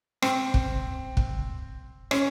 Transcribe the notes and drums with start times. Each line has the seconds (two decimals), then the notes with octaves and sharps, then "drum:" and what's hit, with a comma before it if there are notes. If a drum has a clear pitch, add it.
0.22 C4, drum: rim click
0.54 drum: kick
1.17 drum: kick
2.11 C#4, drum: rim click